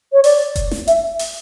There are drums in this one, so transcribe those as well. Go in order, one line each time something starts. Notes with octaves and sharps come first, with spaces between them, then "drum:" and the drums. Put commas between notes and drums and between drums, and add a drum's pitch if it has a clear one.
C#5
D5, drum: open hi-hat
drum: kick F1, hi-hat
drum: snare
E5, drum: hi-hat
drum: open hi-hat